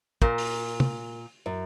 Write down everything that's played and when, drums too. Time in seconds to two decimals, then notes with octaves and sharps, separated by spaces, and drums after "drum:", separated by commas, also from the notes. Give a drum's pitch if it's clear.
0.22 A#2 A#4, drum: kick
0.38 drum: open hi-hat
0.80 drum: tom
1.46 F#2